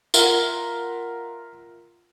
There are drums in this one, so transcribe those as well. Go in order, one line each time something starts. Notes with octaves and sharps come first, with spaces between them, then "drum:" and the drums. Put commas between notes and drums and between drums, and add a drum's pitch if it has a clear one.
F4 A#4 E5 F#5, drum: tambourine